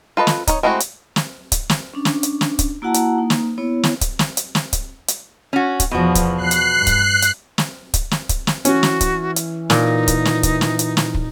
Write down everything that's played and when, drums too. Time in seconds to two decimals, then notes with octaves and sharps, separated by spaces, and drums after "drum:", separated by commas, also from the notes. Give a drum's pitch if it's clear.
0.17 F4 A4 B4 D#5
0.27 drum: snare
0.47 D#4 C#5, drum: kick, hi-hat
0.63 G#3 A3 C4 E4 F#4
0.80 drum: hi-hat
1.16 drum: snare
1.52 drum: kick, hi-hat
1.70 drum: snare
1.94 C#4 D4
2.05 drum: snare
2.23 drum: hi-hat
2.41 drum: snare
2.59 drum: kick, hi-hat
2.82 A#3 E4 F#4 F#5 A5 A#5
2.94 drum: hi-hat
3.18 A#3 D#4
3.30 drum: snare
3.58 B3 E4 C#5
3.83 drum: snare
4.01 drum: kick, hi-hat
4.19 drum: snare
4.37 drum: hi-hat
4.55 drum: snare
4.73 drum: kick, hi-hat
5.08 drum: hi-hat
5.53 C#4 F#4
5.80 drum: kick, hi-hat
5.91 E2 B2 F3 F#4
6.15 drum: kick, hi-hat
6.37 F#6 C7
6.51 drum: hi-hat
6.77 G2
6.87 drum: kick, hi-hat
7.22 drum: hi-hat
7.58 drum: snare
7.94 drum: kick, hi-hat
8.11 drum: snare
8.29 drum: kick, hi-hat
8.47 drum: snare
8.65 E3 C#4 F#4, drum: hi-hat
8.83 drum: snare
9.01 drum: kick, hi-hat
9.36 drum: hi-hat
9.70 A#2 D#4, drum: snare
10.08 drum: kick, hi-hat
10.25 drum: snare
10.43 drum: kick, hi-hat
10.61 drum: snare
10.79 drum: hi-hat
10.97 drum: snare
11.15 drum: kick